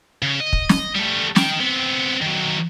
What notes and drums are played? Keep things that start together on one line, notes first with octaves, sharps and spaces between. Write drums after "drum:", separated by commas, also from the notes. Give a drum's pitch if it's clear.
C#3
D#5
drum: kick
drum: snare
G3 A3
D#4 G5, drum: snare
B3 C4
D#3 F#3